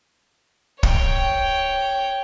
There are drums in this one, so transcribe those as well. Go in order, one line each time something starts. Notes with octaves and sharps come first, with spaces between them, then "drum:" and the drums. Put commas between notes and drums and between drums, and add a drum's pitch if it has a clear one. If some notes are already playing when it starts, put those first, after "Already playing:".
C#5 G5, drum: kick